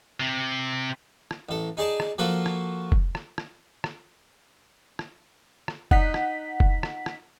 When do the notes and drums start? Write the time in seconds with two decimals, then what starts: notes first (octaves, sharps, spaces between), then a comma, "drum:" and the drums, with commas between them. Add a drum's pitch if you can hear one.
0.20 C3
1.31 drum: rim click
1.49 A1 A4
1.77 D#4 G#4 D5 A5
2.00 drum: rim click
2.18 F3 A#3 F4 F#4 A4
2.46 drum: rim click
2.92 drum: kick F1
3.15 drum: rim click
3.38 drum: rim click
3.84 drum: rim click
4.99 drum: rim click
5.68 drum: rim click
5.91 D#4 F#5 B6, drum: kick F1
6.14 drum: rim click
6.60 drum: kick F1
6.83 drum: rim click
7.06 drum: rim click